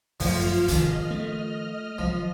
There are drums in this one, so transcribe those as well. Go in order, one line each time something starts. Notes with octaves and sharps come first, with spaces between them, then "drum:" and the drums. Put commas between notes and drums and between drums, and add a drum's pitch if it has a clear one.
G1 F#2 F3 A3 F4 C6 F6, drum: open hi-hat
F1 G#2 D#3 D#5 F6, drum: hi-hat
A3
D#3 F3 F#3